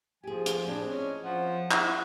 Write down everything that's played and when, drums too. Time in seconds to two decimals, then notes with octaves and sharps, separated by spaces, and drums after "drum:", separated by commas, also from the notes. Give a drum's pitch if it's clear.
0.23 F3 G4 G#4 G#5
0.46 drum: hi-hat
0.66 A2 C4 D4 G#4
0.87 C#4 E4 D#5
1.24 F3 F#5
1.71 E4, drum: clap